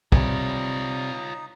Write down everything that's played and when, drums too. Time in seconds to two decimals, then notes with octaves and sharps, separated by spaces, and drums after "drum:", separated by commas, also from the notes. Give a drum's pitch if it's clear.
0.12 C3 G3 D#4 F4 B4 C#5, drum: kick